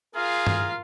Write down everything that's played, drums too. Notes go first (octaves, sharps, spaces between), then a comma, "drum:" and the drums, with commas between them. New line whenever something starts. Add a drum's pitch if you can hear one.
F4 G#4 A#4 F5
drum: tom G2